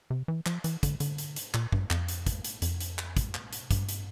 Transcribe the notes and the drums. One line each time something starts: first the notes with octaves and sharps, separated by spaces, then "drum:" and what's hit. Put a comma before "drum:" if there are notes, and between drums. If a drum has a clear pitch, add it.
C3
E3
F3, drum: clap
E3, drum: hi-hat
D3, drum: kick, hi-hat
D3, drum: hi-hat
drum: hi-hat
drum: hi-hat
A#2, drum: clap
G2, drum: kick
F2, drum: clap
drum: hi-hat
drum: kick, hi-hat
drum: hi-hat
F2, drum: hi-hat
drum: hi-hat
drum: clap
drum: kick, hi-hat
drum: clap
drum: hi-hat
G2, drum: kick, hi-hat
drum: hi-hat